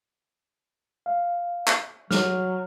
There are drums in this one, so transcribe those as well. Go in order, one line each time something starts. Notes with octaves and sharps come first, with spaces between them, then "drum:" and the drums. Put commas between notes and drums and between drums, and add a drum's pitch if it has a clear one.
F5
drum: clap
F#3 F6, drum: snare